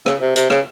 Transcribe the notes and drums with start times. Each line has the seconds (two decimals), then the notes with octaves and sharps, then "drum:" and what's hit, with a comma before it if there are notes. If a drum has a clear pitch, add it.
0.06 C#3, drum: rim click
0.21 C3
0.36 C3, drum: hi-hat
0.50 C#3, drum: rim click